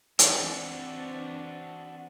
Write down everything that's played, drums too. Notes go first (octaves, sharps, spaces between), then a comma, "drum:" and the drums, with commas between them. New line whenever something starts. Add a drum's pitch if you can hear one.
E3 C4 D4 F#4 A4, drum: hi-hat